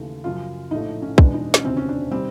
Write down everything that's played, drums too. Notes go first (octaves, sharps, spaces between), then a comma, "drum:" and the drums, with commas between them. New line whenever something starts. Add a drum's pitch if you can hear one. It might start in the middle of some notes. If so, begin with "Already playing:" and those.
Already playing: D#2 C#3 E3 A3
F#2 C#3 F3 F4
A#1 A2 F3 A3 D#4
C#4
F#1 E2 B2 G#3 D4, drum: kick
D#4
C#4, drum: snare
E1 D2 C3 D#3 C4
C#4
D4
C3 D#3 G3 C4